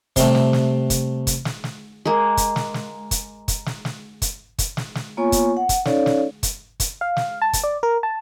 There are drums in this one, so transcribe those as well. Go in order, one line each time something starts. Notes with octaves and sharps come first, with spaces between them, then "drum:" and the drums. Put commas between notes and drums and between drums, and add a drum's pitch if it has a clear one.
C3 G3 A3, drum: kick, hi-hat
drum: snare
drum: snare
drum: kick, hi-hat
drum: kick, hi-hat
drum: snare
drum: snare
G#3 A#3
drum: kick, hi-hat
drum: snare
drum: snare
drum: kick, hi-hat
drum: kick, hi-hat
drum: snare
drum: snare
drum: kick, hi-hat
drum: kick, hi-hat
drum: snare
drum: snare
A#3 B3 F4 C#5 G#5 C#6
drum: kick, hi-hat
F#5
drum: kick, hi-hat
C#4 D#4 A4 C#5 D5 F5, drum: snare
drum: snare
drum: kick, hi-hat
drum: kick, hi-hat
F5
drum: snare
A5
drum: kick, hi-hat
D5
A#4
A5